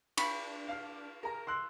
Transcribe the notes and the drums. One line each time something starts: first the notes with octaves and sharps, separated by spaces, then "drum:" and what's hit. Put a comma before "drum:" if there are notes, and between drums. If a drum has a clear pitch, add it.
D4 B5 C#6, drum: cymbal
F5 F6
G#4 A#4 A#5
C6 E6 F#6